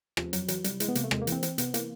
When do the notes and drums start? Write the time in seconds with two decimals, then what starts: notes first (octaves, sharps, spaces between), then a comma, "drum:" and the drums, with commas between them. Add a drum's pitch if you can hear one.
0.17 C3 F3, drum: rim click
0.33 F2 F#3, drum: hi-hat
0.48 E3 F#3, drum: hi-hat
0.64 C3 G3, drum: hi-hat
0.80 E3 G#3, drum: hi-hat
0.89 B3
0.95 C3 A#3, drum: hi-hat
1.04 A3
1.11 C3 G#3, drum: rim click
1.22 A#3
1.27 E3, drum: hi-hat
1.32 C4
1.43 E3 C4, drum: hi-hat
1.58 C3 B3, drum: hi-hat
1.74 E3 A#3, drum: hi-hat